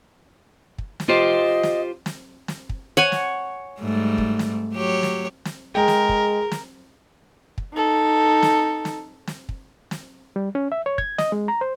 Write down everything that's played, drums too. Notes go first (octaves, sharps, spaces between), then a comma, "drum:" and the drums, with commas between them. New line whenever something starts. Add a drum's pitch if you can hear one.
drum: kick
drum: snare
F4 G4 C5 D#5
drum: snare
drum: snare
drum: snare
drum: kick
C#5 F#5 G#5
drum: snare
G#2 G3 A3
drum: kick
drum: snare
F#3 G4 C#5
drum: snare
drum: snare
G#3 G#4 A#4 G5
drum: snare
drum: kick
drum: snare
drum: kick
D#4 A4
drum: snare
drum: snare
drum: snare
drum: kick
drum: snare
G3
C#4
E5
C#5
G#6, drum: kick
D#5, drum: snare
G#3
A#5
C5